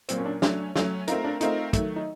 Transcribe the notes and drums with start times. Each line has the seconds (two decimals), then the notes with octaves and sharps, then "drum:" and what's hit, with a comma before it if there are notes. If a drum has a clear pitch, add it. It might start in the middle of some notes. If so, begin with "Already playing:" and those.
0.09 A#2 F#3 A#3 C4, drum: hi-hat
0.18 C#4
0.25 D4
0.42 F#3 A3 C#4 D4, drum: snare
0.76 F#3 A3 C#4, drum: snare
1.08 A3 C4 D#4 F4 A#4, drum: hi-hat
1.24 D4
1.41 A3 C4 D#4 F4 A#4, drum: hi-hat
1.73 D#3 F#3 A3, drum: kick, hi-hat
1.96 D#4